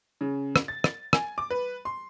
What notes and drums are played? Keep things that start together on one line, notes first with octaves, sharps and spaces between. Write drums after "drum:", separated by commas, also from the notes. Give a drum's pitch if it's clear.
C#3
drum: rim click
A6
drum: rim click
G#5, drum: rim click
D6
B4
C6